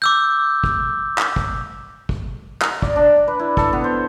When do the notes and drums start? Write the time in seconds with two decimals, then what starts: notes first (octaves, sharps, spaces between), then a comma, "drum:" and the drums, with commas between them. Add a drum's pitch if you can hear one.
0.02 D6 E6 G6
0.64 drum: kick
1.18 drum: clap
1.36 drum: kick
2.09 drum: kick
2.62 A#5, drum: clap
2.82 D5, drum: kick
2.96 D4
3.28 B4
3.39 E4
3.57 A4, drum: kick
3.73 B3
3.84 C5